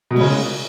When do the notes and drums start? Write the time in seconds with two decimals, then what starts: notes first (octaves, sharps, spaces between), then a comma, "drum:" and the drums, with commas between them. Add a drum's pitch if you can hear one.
0.11 B2
0.16 C#3 G#3, drum: cymbal